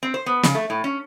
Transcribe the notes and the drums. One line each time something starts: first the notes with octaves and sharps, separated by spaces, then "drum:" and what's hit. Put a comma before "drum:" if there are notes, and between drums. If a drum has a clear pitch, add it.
C4
C5
B3
C#3, drum: snare
A3
A2
C#4